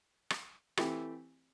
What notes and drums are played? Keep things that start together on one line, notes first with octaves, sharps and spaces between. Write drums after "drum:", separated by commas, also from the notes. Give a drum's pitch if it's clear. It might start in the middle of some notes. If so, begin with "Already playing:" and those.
drum: rim click
E3 A3 C4 E4 G4, drum: rim click